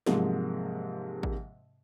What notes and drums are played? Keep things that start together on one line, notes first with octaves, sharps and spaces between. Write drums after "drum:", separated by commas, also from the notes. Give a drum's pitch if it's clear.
G#2 C3 F3 F#3 G#3 A#3, drum: snare
drum: kick G#1